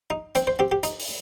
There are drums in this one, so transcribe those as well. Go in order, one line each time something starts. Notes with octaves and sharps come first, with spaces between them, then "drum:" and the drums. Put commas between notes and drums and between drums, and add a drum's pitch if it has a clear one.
D#4
C4 C5, drum: hi-hat
C5
C4 G4
G4
D#4, drum: hi-hat
drum: open hi-hat